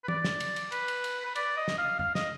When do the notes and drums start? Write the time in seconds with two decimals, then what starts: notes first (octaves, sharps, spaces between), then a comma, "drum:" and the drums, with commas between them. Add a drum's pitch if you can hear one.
0.04 B4
0.08 D5, drum: tom
0.24 drum: snare
0.40 drum: cymbal
0.56 drum: cymbal
0.72 B4, drum: cymbal
0.88 drum: cymbal
1.04 drum: cymbal
1.26 B4
1.36 D5, drum: cymbal
1.57 D#5
1.68 drum: snare
1.79 F5
1.99 F5, drum: tom F2
2.15 D#5, drum: snare